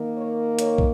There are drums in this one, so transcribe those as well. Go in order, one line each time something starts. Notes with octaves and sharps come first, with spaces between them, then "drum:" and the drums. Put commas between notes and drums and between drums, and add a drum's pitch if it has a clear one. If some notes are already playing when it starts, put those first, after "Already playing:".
Already playing: D#3 A#3
C#5
C#5, drum: hi-hat
drum: kick